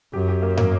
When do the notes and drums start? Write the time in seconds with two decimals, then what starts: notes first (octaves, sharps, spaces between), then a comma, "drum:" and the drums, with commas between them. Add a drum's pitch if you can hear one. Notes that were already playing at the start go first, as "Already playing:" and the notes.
0.13 F#2 G4
0.28 G4
0.42 A#3
0.57 A#3, drum: tom